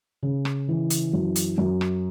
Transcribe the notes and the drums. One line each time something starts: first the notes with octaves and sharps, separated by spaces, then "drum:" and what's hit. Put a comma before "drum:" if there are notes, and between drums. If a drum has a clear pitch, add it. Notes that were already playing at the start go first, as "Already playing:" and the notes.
C#3
drum: rim click
E3
drum: hi-hat
F#2
drum: hi-hat
F#2
drum: rim click